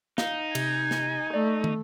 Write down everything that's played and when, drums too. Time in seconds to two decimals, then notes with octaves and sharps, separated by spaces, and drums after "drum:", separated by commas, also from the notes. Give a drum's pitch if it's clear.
0.18 D#4 F5, drum: snare
0.55 C3 G#5, drum: cymbal
0.91 drum: snare
1.34 A3 D5
1.64 drum: tom